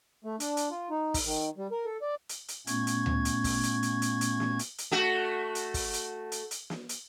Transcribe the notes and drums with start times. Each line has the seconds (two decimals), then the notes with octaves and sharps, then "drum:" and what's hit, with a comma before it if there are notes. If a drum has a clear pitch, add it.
0.24 A3
0.40 D4, drum: hi-hat
0.57 drum: hi-hat
0.71 F4
0.90 D#4
1.14 drum: kick, open hi-hat
1.25 D#3
1.57 G3
1.72 A#4
1.86 A4
2.02 D5
2.29 drum: hi-hat
2.48 drum: hi-hat
2.67 A#2 A3 B3 C#4 C#6 G#6, drum: hi-hat
2.87 drum: hi-hat
3.06 drum: tom D2
3.25 drum: hi-hat
3.44 drum: kick, open hi-hat
3.63 drum: hi-hat
3.83 drum: hi-hat
4.02 drum: hi-hat
4.21 drum: hi-hat
4.40 drum: snare
4.59 drum: hi-hat
4.78 drum: hi-hat
4.92 A3 F#4
5.55 drum: hi-hat
5.74 drum: kick, open hi-hat
5.93 drum: hi-hat
6.32 drum: hi-hat
6.51 drum: hi-hat
6.70 drum: snare
6.89 drum: hi-hat